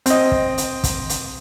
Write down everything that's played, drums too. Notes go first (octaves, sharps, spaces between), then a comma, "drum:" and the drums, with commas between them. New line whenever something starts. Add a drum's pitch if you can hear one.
C4 D#5, drum: hi-hat
drum: kick
drum: hi-hat
drum: kick, hi-hat
drum: hi-hat